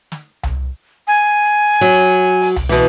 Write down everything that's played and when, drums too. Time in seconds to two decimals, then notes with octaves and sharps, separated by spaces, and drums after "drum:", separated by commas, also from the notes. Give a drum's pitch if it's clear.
0.12 drum: snare
0.43 drum: tom C2
1.07 G#5
1.81 F#3
2.41 drum: open hi-hat
2.56 drum: tom C2
2.69 B2 E3